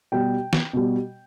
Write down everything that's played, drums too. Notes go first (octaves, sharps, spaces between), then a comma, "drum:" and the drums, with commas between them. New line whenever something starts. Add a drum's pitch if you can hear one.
B2 G3 G5
drum: snare
B2 G3